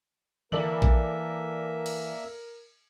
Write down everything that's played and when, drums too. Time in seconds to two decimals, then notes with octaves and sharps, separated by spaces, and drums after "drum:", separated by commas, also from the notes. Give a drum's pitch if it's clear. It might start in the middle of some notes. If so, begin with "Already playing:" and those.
0.52 E3 A#3 A4 A#4 D5 E5 F#7, drum: tom D3
0.82 drum: kick A#1
1.86 drum: cymbal